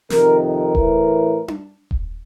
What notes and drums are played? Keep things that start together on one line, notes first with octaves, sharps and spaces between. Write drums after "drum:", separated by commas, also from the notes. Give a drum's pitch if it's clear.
F2 C3 D#3 A#4, drum: snare
A#4
A2 E3, drum: kick D#1
drum: tom D4
drum: kick D#1